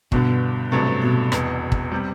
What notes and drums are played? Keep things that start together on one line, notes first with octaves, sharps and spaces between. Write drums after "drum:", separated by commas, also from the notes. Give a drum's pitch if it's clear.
G1 G2 B2 D3, drum: kick
A1 G2 C3 F#3 A3
B2
E1 E2 B2, drum: rim click
drum: kick
C3 G3